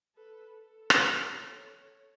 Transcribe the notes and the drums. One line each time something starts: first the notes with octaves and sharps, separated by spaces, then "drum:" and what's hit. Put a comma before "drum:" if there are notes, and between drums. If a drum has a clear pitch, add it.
A4 B4
A4
drum: rim click
A4 C#5